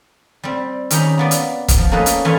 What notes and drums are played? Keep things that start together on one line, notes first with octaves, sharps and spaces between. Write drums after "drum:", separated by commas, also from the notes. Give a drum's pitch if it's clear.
G3 C4
D#3 C#4 D#4 G4 A#5 B5, drum: hi-hat
A#3 B3 D5
drum: hi-hat
drum: kick, hi-hat
F3
A#3 C#4 D#4 A4 B4
drum: hi-hat
E3 G3 A3 C#4 F4